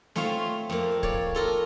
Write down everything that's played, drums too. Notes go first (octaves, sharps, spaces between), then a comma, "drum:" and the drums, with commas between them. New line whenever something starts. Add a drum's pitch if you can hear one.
A3 C4 F4 C#5 F5, drum: snare
F2 A#3
C#5 D5, drum: kick
F4 A4 A#4